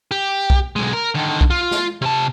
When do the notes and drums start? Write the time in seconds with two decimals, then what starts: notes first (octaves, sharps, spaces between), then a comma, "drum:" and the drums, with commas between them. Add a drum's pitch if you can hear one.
0.11 G4
0.50 drum: kick B1
0.76 B1 G#3
0.93 A#4
1.15 D3 D#3
1.41 drum: kick B1
1.50 F4
1.71 drum: snare
2.02 C3 A5